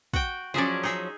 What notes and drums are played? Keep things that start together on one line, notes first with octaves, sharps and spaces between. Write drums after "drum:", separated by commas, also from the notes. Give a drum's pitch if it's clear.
F#4 G5, drum: kick
F3 F#3 C#4 G#4 D5
D#4 G#4 E5